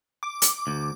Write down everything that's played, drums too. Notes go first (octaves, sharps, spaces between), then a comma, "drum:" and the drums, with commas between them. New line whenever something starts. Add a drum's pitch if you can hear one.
D6
drum: hi-hat
D2